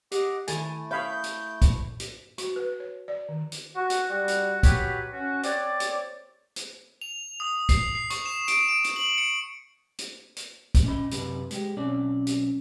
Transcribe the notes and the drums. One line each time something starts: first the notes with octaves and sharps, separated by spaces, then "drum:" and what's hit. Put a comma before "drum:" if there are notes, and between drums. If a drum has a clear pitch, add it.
G4 D#5 F#5 D6, drum: hi-hat
D#3 A3 E4 A4 G#5 A6, drum: hi-hat
C#5 E5 F5 B5 D#6 G6
drum: hi-hat
drum: kick, hi-hat
drum: hi-hat
F#4, drum: hi-hat
B4
C#5
D5
D#3
drum: hi-hat
F#4
drum: hi-hat
G3 F#4
drum: hi-hat
F#3 F#4 G4 B4 C#5, drum: kick, hi-hat
C#4 F#4
C4 C#5 D5, drum: hi-hat
drum: hi-hat
drum: hi-hat
F7
D#6
C7, drum: kick, hi-hat
C7
C#6, drum: hi-hat
E7
D7, drum: hi-hat
D7
drum: hi-hat
F#7
C#7
drum: hi-hat
drum: hi-hat
drum: kick, hi-hat
C#4 D#5 B5
F#2 C3 B4, drum: hi-hat
G#3 G4, drum: hi-hat
B1 C4 C#4 D5
drum: hi-hat